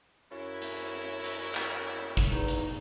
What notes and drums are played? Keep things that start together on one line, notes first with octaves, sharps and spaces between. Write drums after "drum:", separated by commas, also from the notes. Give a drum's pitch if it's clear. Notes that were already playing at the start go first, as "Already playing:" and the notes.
F#2 C#4 E4
drum: hi-hat
drum: hi-hat
drum: clap
drum: kick
E2 D#4
drum: hi-hat